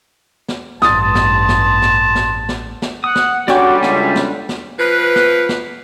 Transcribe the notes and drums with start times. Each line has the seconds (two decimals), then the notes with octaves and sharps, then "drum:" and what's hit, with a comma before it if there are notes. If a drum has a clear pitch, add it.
0.48 drum: snare
0.82 A1 G2 A5 C6 D#6 A6, drum: snare
1.15 drum: snare
1.49 drum: snare
1.82 drum: snare
2.15 drum: snare
2.49 drum: snare
2.82 drum: snare
3.04 F#5 D#6
3.15 drum: snare
3.48 D3 G3 C#4 F#4 D5 G5 C#6 D6, drum: snare
3.83 C#2 E5 G#5, drum: snare
4.16 drum: snare
4.49 drum: snare
4.78 F3 B4
5.16 drum: snare
5.49 drum: snare